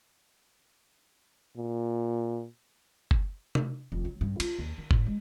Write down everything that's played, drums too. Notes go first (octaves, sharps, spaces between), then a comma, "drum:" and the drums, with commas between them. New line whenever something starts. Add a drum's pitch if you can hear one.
A#2
drum: kick F#1
drum: tom C3
F1
F#3
G2
F4, drum: cymbal
D#2
D#3
A2, drum: kick F#1
G#3